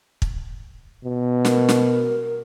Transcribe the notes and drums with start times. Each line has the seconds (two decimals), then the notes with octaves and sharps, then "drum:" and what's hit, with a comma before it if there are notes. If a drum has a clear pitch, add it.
0.22 drum: kick
1.05 B2
1.45 A#4, drum: snare
1.69 drum: snare